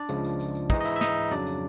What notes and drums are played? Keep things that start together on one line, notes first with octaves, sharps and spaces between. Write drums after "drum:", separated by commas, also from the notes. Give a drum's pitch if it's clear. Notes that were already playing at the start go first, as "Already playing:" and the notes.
Already playing: D4 D5
C#2 C#3 F3 G#3, drum: tambourine
drum: tambourine
drum: tambourine
drum: tambourine
G#2 E3 G#3 D#4 D#5, drum: kick, tambourine
D#5
E4 E5, drum: tambourine
E5
D#4 D#5, drum: snare
F2 C#3 F#3 D4 D5, drum: tambourine
drum: tambourine